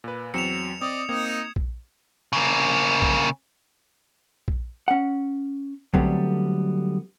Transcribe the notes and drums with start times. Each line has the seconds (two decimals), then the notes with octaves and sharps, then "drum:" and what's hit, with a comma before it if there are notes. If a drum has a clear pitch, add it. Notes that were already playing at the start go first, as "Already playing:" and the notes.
0.04 A#2 B4
0.34 E2 F#3 C4 C#7 E7 F7
0.81 C4 D5 D#5 D#6
1.09 A#3 C4 D#4 D#5 G#6
1.56 drum: kick A#1
2.33 C#3 A#3
3.02 drum: kick A#1
4.48 drum: kick A#1
4.88 C#4 F#5
5.94 D3 F#3 G3 A3 B3 C4, drum: kick A#1